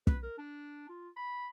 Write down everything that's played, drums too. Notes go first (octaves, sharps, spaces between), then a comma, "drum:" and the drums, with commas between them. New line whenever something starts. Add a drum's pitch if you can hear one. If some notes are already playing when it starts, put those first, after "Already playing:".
B4, drum: kick
A#4
D4
F4
B5